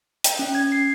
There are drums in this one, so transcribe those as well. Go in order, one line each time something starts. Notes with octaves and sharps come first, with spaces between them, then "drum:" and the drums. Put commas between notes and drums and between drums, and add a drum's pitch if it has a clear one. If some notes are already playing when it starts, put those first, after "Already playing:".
G5, drum: hi-hat
C#4
G#6
C7